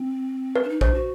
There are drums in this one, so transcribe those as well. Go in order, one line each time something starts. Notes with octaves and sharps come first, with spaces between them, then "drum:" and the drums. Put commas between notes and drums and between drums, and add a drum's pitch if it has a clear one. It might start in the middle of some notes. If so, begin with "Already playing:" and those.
Already playing: C4
B4
D4
D#4
D4 C5, drum: kick A#1
F#4